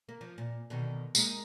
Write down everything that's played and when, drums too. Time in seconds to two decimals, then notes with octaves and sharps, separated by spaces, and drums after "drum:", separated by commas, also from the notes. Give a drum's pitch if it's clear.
0.09 A#3
0.21 F3
0.38 A#2
0.70 B2 D3 D#3
1.15 G#3 A#3 D#4, drum: tambourine